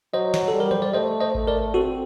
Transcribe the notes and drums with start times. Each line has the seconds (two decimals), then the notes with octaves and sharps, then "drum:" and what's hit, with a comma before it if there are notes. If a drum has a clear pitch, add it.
0.14 F#3 C5 D#5
0.34 drum: snare
0.48 A4
0.54 G3
0.60 A#4
0.71 C5, drum: tom
0.82 D5
0.94 A3 C5 D#5
1.20 C5 D#5
1.35 A3, drum: kick G#1
1.47 A#4 D5
1.74 C4 F#4 A4